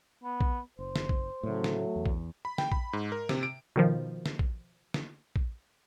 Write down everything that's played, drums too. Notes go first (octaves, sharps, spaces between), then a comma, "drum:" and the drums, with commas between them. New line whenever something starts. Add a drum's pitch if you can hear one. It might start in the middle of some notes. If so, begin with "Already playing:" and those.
B3
drum: kick
F#1 C5
drum: snare
drum: kick
A2 C#3 F#3 A3
drum: snare
E2
drum: kick
B5
G5, drum: snare
B5, drum: kick
G#2
A#4
C3, drum: snare
D7
B2 D#3 F3
drum: snare
drum: kick
drum: snare
drum: kick